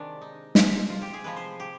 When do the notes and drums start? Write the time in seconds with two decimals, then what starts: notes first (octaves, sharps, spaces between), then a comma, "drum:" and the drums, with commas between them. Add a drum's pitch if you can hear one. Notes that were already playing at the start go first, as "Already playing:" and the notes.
Already playing: C3 D#3 G#3 D4
0.21 D#4
0.55 C3 F3 G#3, drum: snare
0.90 F4
1.02 G4
1.13 G#4
1.24 C3 F3 G#3 B4
1.36 C5
1.60 G4